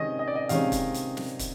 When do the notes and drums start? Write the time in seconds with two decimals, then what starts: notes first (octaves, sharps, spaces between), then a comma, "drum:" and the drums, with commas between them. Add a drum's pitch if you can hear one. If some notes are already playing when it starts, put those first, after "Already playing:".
Already playing: C3 D#3 G#3 C#4 D#5
0.19 D#5
0.28 D5
0.35 D#5
0.49 C3 D#3 G#3 C#4 F5, drum: hi-hat
0.72 drum: kick, hi-hat
0.94 drum: hi-hat
1.17 drum: snare
1.39 drum: kick, hi-hat